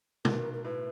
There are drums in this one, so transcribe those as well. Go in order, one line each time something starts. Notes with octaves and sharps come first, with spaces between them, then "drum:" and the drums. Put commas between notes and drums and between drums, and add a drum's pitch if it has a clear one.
B1 B2 A#4, drum: tom B2
A#4
A2 B4